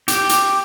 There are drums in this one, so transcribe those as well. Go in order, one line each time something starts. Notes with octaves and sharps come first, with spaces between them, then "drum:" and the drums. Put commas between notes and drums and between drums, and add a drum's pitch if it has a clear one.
G4, drum: hi-hat
drum: hi-hat